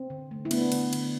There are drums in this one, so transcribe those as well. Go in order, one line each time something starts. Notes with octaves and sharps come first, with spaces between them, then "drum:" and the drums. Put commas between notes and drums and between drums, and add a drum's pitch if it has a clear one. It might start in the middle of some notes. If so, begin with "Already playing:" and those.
Already playing: C4
D3
A3
E4
A3 B3 D4, drum: cymbal
D3, drum: cymbal
D3, drum: cymbal